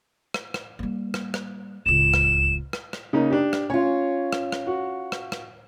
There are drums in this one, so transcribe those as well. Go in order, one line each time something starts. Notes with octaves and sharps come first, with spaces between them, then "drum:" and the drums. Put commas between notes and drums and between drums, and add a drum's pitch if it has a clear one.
drum: rim click
drum: rim click
G3 A#3
drum: rim click
drum: rim click
D1 C#2 E7
drum: rim click
drum: rim click
drum: rim click
C#3 A#3 D#4
D4 G4
drum: rim click
C#4 F4 C#5
drum: rim click
drum: rim click
F#4
drum: rim click
drum: rim click